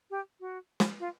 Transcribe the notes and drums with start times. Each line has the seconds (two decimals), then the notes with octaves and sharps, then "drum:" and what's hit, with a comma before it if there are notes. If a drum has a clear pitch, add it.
0.11 G4
0.40 F#4
0.80 drum: snare
1.00 F4